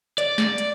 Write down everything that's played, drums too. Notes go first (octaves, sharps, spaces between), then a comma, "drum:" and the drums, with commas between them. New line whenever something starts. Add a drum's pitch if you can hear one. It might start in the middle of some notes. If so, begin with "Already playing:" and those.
D5, drum: hi-hat
drum: snare
drum: hi-hat